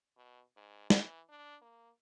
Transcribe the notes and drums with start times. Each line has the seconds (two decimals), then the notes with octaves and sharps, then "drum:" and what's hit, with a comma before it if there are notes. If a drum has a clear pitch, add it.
0.17 B2
0.57 G#2
0.90 E3, drum: snare
1.29 D4
1.62 A#3